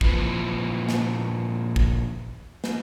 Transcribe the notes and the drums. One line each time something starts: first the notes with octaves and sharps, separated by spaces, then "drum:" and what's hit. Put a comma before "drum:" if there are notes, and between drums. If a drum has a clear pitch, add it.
A#2 F3 E4 B4, drum: kick
drum: snare
drum: kick
drum: snare